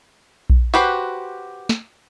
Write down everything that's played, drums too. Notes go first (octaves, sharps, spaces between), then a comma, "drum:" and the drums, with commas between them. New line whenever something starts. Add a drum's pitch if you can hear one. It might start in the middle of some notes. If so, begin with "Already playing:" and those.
drum: kick A#1
F#4 G4 B4 C5
drum: snare